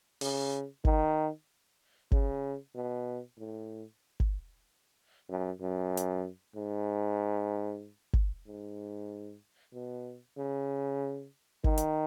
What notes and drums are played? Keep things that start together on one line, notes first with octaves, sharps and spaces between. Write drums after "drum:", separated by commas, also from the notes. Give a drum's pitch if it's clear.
C#3, drum: open hi-hat
D#3, drum: kick G1
C#3, drum: kick G1
B2
A2
drum: kick G1
F#2
F#2
drum: hi-hat
G#2
drum: kick G1
G#2
B2
C#3
D#3, drum: kick G1
drum: hi-hat